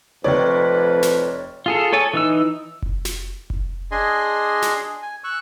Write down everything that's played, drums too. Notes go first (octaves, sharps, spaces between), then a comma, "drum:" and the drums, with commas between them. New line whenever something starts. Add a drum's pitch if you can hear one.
F1 F2 B4 C#5 D5 G5
drum: snare
F4 G#4 A4
A4 C#5 G#5 A5
E3 D#4 E6
drum: kick F1
drum: snare
drum: kick F1
D4 G#4 D#5 G#5 C6
drum: snare
G#5
C#6 E6 F#6